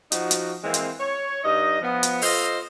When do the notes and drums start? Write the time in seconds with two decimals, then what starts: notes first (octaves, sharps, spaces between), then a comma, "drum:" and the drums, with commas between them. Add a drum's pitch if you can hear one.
0.12 F3 D#4 F#4, drum: hi-hat
0.31 drum: hi-hat
0.64 E3 G#3 A#3 C4
0.74 drum: hi-hat
0.99 C#5
1.43 G2 D#4 D#5
1.81 F3 B3
2.03 drum: hi-hat
2.22 F4 A4 C5 D#5, drum: open hi-hat